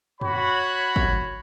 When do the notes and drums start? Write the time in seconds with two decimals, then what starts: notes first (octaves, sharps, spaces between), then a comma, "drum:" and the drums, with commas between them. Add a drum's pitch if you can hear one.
0.21 F#4 C#5 B5, drum: tom F2
0.96 drum: kick